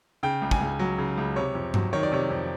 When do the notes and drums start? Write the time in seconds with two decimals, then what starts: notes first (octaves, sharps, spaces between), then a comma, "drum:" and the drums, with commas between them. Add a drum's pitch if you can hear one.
0.23 C#3 G5
0.42 C#2
0.51 G#5, drum: kick
0.61 C#2
0.79 F#3
0.98 C#3
1.17 C#2
1.36 C3 C#5
1.55 F2
1.74 F#3, drum: tom G2
1.93 D#3 C#5
2.03 D5
2.12 C3 C#5
2.30 F2